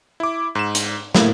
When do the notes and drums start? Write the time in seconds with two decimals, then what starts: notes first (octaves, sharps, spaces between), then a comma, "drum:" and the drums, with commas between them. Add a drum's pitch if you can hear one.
0.20 E4 D6
0.55 G#2 E7
0.75 drum: hi-hat
1.15 A2 A#3 E4, drum: snare